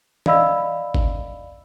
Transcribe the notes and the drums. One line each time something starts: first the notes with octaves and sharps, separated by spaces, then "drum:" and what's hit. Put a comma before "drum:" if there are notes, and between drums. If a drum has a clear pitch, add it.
D5 D#5 F5 B5 E6, drum: tom E3
drum: kick G#1